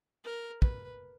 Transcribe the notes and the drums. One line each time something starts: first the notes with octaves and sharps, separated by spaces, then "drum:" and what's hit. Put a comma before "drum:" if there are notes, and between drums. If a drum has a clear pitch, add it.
A#4
B4, drum: kick